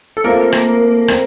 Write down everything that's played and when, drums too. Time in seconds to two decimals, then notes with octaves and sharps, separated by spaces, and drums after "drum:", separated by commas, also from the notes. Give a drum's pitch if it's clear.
0.17 A4
0.24 A3 A#3 C4 F4 A#4
0.52 drum: rim click
1.08 A3 C4, drum: rim click